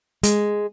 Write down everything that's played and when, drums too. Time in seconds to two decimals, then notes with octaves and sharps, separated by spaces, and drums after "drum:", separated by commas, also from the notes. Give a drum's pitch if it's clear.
0.23 G#3, drum: hi-hat